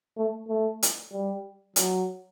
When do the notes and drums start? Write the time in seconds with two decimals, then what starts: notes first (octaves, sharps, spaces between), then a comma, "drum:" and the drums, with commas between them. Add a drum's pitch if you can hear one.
0.17 A3
0.48 A3
0.83 drum: hi-hat
1.12 G3
1.76 F#3, drum: hi-hat